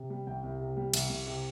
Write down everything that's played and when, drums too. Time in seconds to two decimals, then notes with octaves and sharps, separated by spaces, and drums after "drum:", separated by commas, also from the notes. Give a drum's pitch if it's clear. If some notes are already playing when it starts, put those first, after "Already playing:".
Already playing: C3
0.10 G3
0.27 C2 G5
0.44 C2
0.60 C3
0.77 G3
0.94 C2, drum: cymbal
1.10 C2
1.27 C3